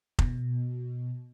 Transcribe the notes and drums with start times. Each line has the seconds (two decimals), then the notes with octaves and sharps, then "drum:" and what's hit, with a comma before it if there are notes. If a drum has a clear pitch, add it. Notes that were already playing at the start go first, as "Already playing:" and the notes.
0.19 B2, drum: kick F1